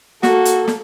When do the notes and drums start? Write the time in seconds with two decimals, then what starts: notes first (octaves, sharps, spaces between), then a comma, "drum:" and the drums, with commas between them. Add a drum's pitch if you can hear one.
0.23 A#3 F#4 A4, drum: snare
0.45 drum: hi-hat
0.68 drum: snare